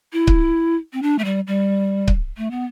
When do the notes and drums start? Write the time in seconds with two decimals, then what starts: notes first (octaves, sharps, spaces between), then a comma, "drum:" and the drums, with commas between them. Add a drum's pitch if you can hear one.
0.13 E4
0.27 drum: kick C#1
0.93 C4
1.02 D4
1.19 A3
1.25 G3
1.47 G3
2.08 drum: kick C#1
2.37 A3
2.51 B3